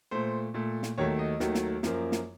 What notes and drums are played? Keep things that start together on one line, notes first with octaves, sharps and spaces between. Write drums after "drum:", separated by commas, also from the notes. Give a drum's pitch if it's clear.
A#2 A3 C5
A#2 A3
drum: snare
D#2 D#3 F#3 A3 C#5
D#5
D#2 D#3 F#3 A3, drum: snare
drum: snare
F#2 F3 A#3, drum: snare
drum: snare